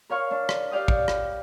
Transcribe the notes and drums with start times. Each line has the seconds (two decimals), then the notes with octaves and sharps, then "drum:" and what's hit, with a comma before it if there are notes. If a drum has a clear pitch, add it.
0.10 A#4 C#5 F5 C#6
0.31 D4
0.49 drum: rim click
0.71 G4 D5 F5 G5 D#6
0.88 drum: kick
1.08 drum: rim click